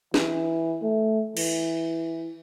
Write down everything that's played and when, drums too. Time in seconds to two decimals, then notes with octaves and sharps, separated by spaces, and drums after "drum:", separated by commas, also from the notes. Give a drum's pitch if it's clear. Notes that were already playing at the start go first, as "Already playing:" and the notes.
0.14 E3, drum: snare
0.82 A3
1.37 E3, drum: cymbal